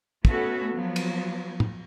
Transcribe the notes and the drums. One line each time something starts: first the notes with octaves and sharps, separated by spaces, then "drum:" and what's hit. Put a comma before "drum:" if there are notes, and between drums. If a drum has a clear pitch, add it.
A3 B3 C#4 F#4 A4, drum: kick
F3 F#3 B3
drum: cymbal
drum: tom